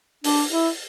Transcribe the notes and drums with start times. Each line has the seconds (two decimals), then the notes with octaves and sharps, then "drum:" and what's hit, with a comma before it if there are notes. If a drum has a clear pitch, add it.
0.24 D4, drum: open hi-hat
0.51 E4